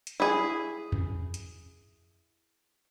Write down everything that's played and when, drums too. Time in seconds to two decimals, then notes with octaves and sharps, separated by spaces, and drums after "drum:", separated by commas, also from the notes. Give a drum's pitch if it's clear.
0.07 drum: hi-hat
0.20 E4 G#4
0.92 drum: tom E2
1.34 drum: hi-hat